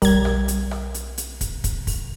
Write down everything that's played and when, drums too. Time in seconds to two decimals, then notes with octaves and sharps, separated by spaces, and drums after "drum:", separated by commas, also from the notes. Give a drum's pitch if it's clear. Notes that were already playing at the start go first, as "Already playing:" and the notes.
0.02 B1 G3 A#4 G#6, drum: kick, open hi-hat
0.25 drum: rim click
0.48 drum: hi-hat
0.71 drum: rim click
0.94 drum: hi-hat
1.18 drum: hi-hat
1.41 drum: kick, hi-hat
1.64 drum: kick, hi-hat
1.87 drum: kick, open hi-hat